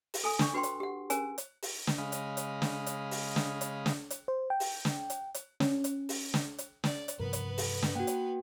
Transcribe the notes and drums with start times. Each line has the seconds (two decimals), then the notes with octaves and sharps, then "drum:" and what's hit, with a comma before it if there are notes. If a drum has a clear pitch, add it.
0.14 drum: open hi-hat
0.24 A4 G#5 D#6
0.39 D4 C#6, drum: snare
0.54 F#4 B4 G5 C6
0.63 drum: hi-hat
0.80 G4 F#5
1.10 C#4 G#4 A#4 G#5, drum: hi-hat
1.38 drum: hi-hat
1.62 drum: open hi-hat
1.87 drum: snare
1.98 C#3 G#3 D#5 F5 B5
2.12 drum: hi-hat
2.37 drum: hi-hat
2.62 drum: snare
2.86 drum: hi-hat
3.11 drum: open hi-hat
3.36 drum: snare
3.61 drum: hi-hat
3.86 drum: snare
4.10 drum: hi-hat
4.28 C5
4.50 G5
4.60 drum: open hi-hat
4.85 drum: snare
5.10 drum: hi-hat
5.34 drum: hi-hat
5.60 C#4, drum: snare
5.84 drum: hi-hat
6.09 drum: open hi-hat
6.34 drum: snare
6.58 drum: hi-hat
6.84 D5, drum: snare
7.08 drum: hi-hat
7.20 G2 C3 F3 B3 A#4 B4
7.33 drum: hi-hat
7.58 A4, drum: open hi-hat
7.82 drum: snare
7.95 A#3 F#4 F#5 G5
8.07 drum: hi-hat